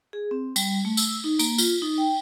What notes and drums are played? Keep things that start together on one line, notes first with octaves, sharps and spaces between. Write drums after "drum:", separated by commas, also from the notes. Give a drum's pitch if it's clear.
G#4
C4
G3, drum: tambourine
A3
E6, drum: tambourine
D#4
A#3, drum: tambourine
F4, drum: tambourine
D#4
G5